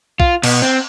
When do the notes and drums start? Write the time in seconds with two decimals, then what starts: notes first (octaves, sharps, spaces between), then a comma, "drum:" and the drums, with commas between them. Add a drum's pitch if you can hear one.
0.20 F4, drum: kick
0.44 B2, drum: cymbal
0.62 C4